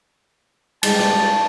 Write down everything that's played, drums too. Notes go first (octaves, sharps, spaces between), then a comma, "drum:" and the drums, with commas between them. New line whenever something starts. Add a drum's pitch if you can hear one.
G3 G#3 A5, drum: cymbal
drum: rim click